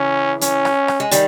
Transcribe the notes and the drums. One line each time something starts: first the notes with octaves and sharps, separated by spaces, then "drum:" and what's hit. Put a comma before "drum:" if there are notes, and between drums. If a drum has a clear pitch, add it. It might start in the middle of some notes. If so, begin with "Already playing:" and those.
Already playing: C#3 E3 C#4
C#4, drum: hi-hat
drum: rim click
drum: rim click
G#3
D#3 G3, drum: hi-hat